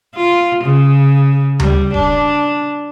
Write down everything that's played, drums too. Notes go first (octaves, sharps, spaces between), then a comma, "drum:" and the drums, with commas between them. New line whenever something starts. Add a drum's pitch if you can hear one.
F4
C#3
G3, drum: tom D2
D4, drum: kick D#1